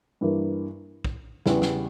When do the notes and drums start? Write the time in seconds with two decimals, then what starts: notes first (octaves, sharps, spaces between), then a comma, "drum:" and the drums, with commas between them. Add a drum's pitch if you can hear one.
0.21 G2 E3 A#3
1.04 drum: kick
1.46 E2 C#3 E3 G3, drum: snare
1.62 drum: snare